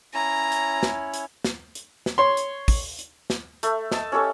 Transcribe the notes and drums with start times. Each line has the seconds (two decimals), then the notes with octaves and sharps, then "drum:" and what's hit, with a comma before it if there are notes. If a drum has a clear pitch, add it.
0.14 C#4 E4 C#5 A#5
0.52 drum: hi-hat
0.83 drum: snare
1.14 drum: hi-hat
1.44 drum: snare
1.75 drum: hi-hat
2.06 drum: snare
2.18 C#5 C6
2.37 drum: hi-hat
2.68 drum: kick, open hi-hat
2.99 drum: hi-hat
3.30 drum: snare
3.63 A3, drum: hi-hat
3.92 D#5 A5, drum: snare
4.12 C#4 G4 A4 C#5